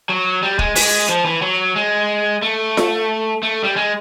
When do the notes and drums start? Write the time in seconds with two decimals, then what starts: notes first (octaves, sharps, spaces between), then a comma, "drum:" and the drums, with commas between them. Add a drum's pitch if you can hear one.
0.09 F#3
0.43 G3
0.59 G#3, drum: kick
0.76 G#3, drum: open hi-hat
1.09 F3
1.25 E3
1.42 F#3
1.76 G#3
2.42 A3
2.77 drum: snare F4
3.43 A3
3.64 G3
3.76 G#3